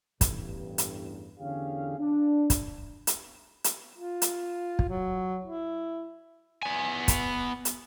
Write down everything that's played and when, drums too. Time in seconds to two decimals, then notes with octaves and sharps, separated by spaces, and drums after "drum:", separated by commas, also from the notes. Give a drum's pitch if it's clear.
0.21 A1 E2 G2, drum: kick, hi-hat
0.78 drum: hi-hat
1.39 E2 D3 C#4 G4 G#4 F5
1.99 D4
2.50 drum: kick, hi-hat
3.07 drum: hi-hat
3.64 drum: hi-hat
3.98 F4
4.22 drum: hi-hat
4.79 drum: kick
4.88 F#3
5.45 E4
6.63 B3 G#5
7.08 drum: kick, hi-hat
7.65 drum: hi-hat